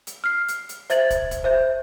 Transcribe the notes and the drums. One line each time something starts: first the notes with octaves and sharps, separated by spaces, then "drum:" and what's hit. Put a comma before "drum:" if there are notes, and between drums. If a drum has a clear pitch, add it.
drum: hi-hat
F6 C7
drum: hi-hat
drum: hi-hat
C5 E5 G#6 A6 F#7, drum: hi-hat
drum: kick, hi-hat
drum: kick, hi-hat
C5 E5 G6